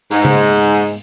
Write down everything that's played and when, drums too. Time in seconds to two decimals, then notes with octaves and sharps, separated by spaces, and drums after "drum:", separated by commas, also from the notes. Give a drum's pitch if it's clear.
0.11 G#2, drum: open hi-hat
0.25 drum: tom C#3